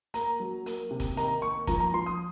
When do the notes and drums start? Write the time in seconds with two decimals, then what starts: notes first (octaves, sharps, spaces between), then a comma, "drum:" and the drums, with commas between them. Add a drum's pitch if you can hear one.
0.14 A#3 A#5, drum: hi-hat
0.40 F#3
0.66 A#3, drum: hi-hat
0.91 C3
1.00 drum: kick, hi-hat
1.17 D#3 A#5, drum: hi-hat
1.42 A#3 C#6
1.67 F3 A#5, drum: kick, hi-hat
1.80 A#5
1.94 F3 C6
2.06 D#6